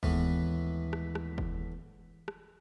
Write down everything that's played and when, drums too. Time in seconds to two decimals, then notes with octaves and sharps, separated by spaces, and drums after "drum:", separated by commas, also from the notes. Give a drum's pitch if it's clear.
0.03 D#2 A2 E3 G#3 B3 B6, drum: kick
0.93 drum: rim click
1.15 drum: rim click
1.38 drum: kick
2.28 drum: rim click